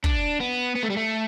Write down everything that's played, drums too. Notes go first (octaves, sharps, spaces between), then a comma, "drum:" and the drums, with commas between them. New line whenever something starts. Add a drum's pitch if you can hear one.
D4, drum: kick
B3
B3
A3
G3
A3